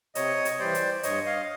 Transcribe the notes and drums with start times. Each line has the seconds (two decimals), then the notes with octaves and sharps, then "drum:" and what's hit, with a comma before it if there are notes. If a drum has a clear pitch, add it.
0.15 C3 C#5 D#5, drum: hi-hat
0.45 drum: hi-hat
0.59 E3 G3 C5 D5
0.75 drum: hi-hat
1.03 G2 C#5 D#5, drum: hi-hat
1.26 D#5 F5